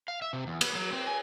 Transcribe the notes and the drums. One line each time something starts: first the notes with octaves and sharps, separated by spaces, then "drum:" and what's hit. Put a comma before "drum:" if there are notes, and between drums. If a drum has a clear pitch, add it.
F5
E5
C3
E2
B3, drum: cymbal
F#3
C4
G#5